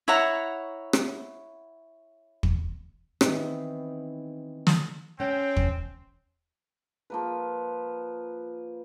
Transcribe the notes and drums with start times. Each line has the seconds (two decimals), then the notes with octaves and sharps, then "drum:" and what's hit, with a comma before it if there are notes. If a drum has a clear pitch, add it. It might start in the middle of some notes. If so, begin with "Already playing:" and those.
0.08 E4 C#5 F#5 A#5
0.93 drum: rim click
2.43 drum: kick
3.21 D#3 E3 F#3 B3 C4 D#4, drum: rim click
4.67 drum: snare
5.20 C4 C#4 G5
5.57 drum: kick
7.10 F3 A#3 B4